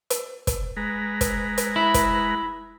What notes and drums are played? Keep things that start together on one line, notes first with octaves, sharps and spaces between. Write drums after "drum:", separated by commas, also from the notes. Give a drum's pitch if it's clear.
drum: hi-hat
drum: kick, hi-hat
G#3 B4 A#5
drum: kick, hi-hat
drum: hi-hat
E4
drum: kick, hi-hat